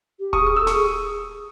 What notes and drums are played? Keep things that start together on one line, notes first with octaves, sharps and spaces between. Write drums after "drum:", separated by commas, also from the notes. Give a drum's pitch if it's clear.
G4
C#6 D#6, drum: kick D#1
G#4
D#6
A4 E6
G#4 C#6 D#6, drum: snare